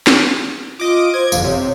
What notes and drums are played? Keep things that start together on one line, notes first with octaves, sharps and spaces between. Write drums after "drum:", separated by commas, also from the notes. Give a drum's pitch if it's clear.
drum: snare
F4 D#5 D6
C5 G#6
G1 F2 F5, drum: tambourine
C3 C#5